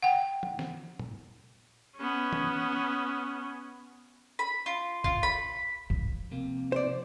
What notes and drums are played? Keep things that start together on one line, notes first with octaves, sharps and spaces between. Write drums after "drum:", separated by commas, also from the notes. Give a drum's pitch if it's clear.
F#5 G5
drum: tom
drum: snare
drum: tom
B3 C#4
drum: tom
B5
F4
F4, drum: kick B1
B5
F3, drum: kick B1
C3 A#3
C5 D5